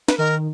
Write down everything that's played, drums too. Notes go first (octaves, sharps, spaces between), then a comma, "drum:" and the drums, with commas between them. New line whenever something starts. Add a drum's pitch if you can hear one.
B4, drum: snare
D#3 A#4